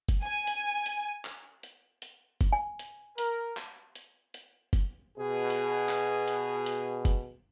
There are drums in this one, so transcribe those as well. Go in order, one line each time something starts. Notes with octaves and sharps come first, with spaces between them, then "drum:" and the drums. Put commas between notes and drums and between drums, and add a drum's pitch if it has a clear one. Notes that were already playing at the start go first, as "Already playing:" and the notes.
drum: kick F#1, hi-hat
G#5
drum: hi-hat
drum: hi-hat
drum: clap
drum: hi-hat
drum: hi-hat
drum: kick F#1, hi-hat
G#5
drum: hi-hat
A#4, drum: hi-hat
drum: clap
drum: hi-hat
drum: hi-hat
drum: kick F#1, hi-hat
B2 G#4
drum: hi-hat
drum: clap
drum: hi-hat
drum: hi-hat
drum: kick F#1, hi-hat